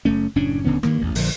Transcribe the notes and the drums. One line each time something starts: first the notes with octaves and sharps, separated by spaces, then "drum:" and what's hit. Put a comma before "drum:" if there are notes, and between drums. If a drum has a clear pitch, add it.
F#1 A3 C#4
F#1 A2 C#4 D4
D1 D3 B3 C#4
G2 D#3 A#3, drum: rim click
A1 E2
A#1 D3 F3, drum: open hi-hat